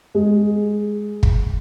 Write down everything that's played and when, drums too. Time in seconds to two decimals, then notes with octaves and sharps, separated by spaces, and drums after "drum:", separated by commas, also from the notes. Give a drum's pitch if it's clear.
0.15 G#3
1.23 drum: kick